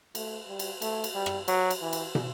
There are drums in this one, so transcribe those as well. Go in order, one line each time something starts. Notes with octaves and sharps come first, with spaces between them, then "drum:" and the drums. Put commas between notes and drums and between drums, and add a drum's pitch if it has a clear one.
A3, drum: cymbal
G3
drum: cymbal
A3, drum: cymbal
drum: cymbal
G3
drum: rim click
F#3, drum: cymbal
drum: cymbal
E3
drum: cymbal
drum: tom